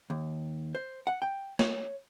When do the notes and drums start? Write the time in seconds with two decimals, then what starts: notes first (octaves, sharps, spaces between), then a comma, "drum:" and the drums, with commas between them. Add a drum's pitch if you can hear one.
0.10 D#2
0.75 C5
1.07 F#5
1.22 G5
1.59 C#5, drum: snare